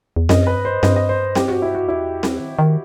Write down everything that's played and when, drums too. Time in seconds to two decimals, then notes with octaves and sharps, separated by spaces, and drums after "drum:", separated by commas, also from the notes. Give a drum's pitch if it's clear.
0.16 E2
0.29 F#2 D#5, drum: snare C4
0.47 B4
0.57 G2
0.65 C5
0.83 G2 D#5, drum: snare C4
0.96 D#5
1.09 C5
1.35 G4, drum: snare C4
1.48 F#4
1.62 E4
1.75 F#4
1.87 E2 E4
2.23 drum: snare C4
2.40 D#3
2.59 D#3